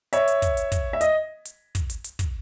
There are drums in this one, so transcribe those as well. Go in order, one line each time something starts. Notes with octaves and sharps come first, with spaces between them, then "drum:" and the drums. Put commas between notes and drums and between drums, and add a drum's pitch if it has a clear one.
C#5 E5, drum: hi-hat
drum: hi-hat
drum: kick, hi-hat
drum: hi-hat
drum: kick, hi-hat
E5
D#5, drum: hi-hat
drum: hi-hat
drum: kick, hi-hat
drum: hi-hat
drum: hi-hat
drum: kick, hi-hat